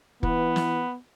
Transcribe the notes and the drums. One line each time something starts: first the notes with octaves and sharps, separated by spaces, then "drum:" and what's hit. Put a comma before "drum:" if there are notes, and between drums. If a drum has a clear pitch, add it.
E3 B3, drum: kick
drum: snare